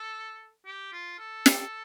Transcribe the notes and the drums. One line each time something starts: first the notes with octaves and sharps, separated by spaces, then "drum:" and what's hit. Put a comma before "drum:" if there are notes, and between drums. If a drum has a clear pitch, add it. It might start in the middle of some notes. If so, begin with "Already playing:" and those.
Already playing: A4
G4
F4
A4
drum: snare